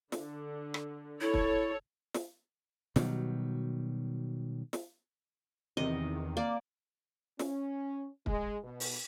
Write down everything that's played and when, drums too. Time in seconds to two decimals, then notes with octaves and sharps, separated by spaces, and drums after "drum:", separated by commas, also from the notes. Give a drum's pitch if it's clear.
0.12 D3, drum: snare
0.74 drum: rim click
1.21 E4 A4 C#5
1.34 drum: kick
2.14 drum: snare
2.96 B2 D#3 F#3 G3, drum: snare
4.73 drum: snare
5.77 E2 C3 D#3 D#5
6.37 A#3 D5
7.39 C#4, drum: snare
8.26 G#3, drum: kick
8.64 B2
8.80 drum: open hi-hat